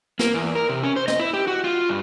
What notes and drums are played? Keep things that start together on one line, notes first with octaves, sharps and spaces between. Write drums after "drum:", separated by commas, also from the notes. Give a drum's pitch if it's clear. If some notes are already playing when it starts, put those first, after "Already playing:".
A#3, drum: snare
E2
A#4
C3
C#4
C5
D#5, drum: snare
E4
G4
F#4
F4
G2